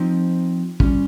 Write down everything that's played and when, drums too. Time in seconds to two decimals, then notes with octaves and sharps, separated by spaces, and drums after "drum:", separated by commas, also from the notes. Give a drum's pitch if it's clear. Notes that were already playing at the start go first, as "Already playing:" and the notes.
Already playing: F3 C4 D#4
0.80 G3 C#4 F4, drum: kick